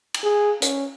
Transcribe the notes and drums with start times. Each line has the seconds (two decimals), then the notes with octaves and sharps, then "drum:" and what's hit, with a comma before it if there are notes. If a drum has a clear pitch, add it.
0.14 drum: cymbal
0.24 G#4
0.62 C#4, drum: hi-hat